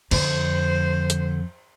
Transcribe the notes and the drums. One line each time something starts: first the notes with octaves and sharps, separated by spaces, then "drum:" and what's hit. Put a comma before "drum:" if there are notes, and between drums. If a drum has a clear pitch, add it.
F2 D3 C5, drum: cymbal
drum: hi-hat